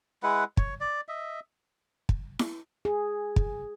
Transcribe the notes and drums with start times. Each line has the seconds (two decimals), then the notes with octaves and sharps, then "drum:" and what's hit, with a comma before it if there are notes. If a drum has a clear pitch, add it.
0.23 G#3 E4 B4 F#5
0.57 C#5, drum: kick
0.81 D5
1.08 D#5 E5
2.09 drum: kick
2.39 drum: snare E4
2.85 G#4
3.36 drum: kick